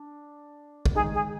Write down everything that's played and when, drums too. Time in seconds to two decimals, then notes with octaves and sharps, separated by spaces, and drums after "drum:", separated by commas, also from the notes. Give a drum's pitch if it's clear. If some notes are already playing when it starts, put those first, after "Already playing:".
Already playing: D4
0.86 drum: kick
0.95 D#3 G#3 D#4 G#4
1.14 G#4